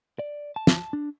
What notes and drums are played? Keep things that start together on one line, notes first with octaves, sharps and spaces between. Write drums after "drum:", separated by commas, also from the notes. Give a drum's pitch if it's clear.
D5
A5
drum: snare
D4